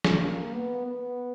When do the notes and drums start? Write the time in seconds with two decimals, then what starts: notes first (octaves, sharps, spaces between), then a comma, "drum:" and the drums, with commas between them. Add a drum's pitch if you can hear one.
0.04 drum: snare
0.22 A#3
0.54 B3
0.86 B3